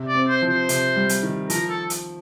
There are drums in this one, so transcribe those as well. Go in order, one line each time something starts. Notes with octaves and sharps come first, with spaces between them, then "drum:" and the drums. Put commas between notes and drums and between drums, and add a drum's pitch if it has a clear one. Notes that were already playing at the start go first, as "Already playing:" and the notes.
Already playing: C3
D5
C4
C5
F3
C5
C3, drum: hi-hat
G3
drum: hi-hat
D#3
F3 A#4, drum: hi-hat
A4
drum: hi-hat